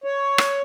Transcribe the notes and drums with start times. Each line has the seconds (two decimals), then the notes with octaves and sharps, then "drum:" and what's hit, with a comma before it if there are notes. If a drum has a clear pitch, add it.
0.04 C#5
0.38 drum: rim click